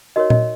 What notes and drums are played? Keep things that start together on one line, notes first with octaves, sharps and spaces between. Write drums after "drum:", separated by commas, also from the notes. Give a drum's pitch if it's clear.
D#4 F#4 A#4 C#5 D#5
D#5, drum: tom A#2